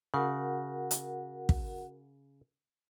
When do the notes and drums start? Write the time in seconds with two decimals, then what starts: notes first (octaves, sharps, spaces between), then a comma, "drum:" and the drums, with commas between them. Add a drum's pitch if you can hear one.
0.14 C#3 F#4 A#4 F#5
0.91 drum: hi-hat
1.49 drum: kick